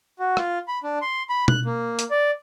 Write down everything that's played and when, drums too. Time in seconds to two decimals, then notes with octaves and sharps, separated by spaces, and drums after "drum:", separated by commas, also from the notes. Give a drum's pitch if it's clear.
0.19 F#4
0.37 F4, drum: rim click
0.68 B5
0.83 D4
1.02 C6
1.29 B5
1.48 F#6, drum: tom B2
1.65 A#3
1.99 drum: hi-hat
2.11 D5